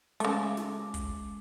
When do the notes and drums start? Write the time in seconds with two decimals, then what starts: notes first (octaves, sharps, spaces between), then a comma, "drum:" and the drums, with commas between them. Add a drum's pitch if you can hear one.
0.20 C#3 G#3 A3 D6, drum: hi-hat
0.57 drum: snare
0.94 drum: kick, hi-hat